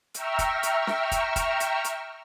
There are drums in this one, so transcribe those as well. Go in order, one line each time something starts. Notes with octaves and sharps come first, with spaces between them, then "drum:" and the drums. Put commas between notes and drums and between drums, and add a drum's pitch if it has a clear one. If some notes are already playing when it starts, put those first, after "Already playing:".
E5 G5 A#5 C#6 E6 F6, drum: hi-hat
drum: kick, hi-hat
drum: hi-hat
drum: snare
drum: kick, hi-hat
drum: kick, hi-hat
drum: hi-hat
drum: hi-hat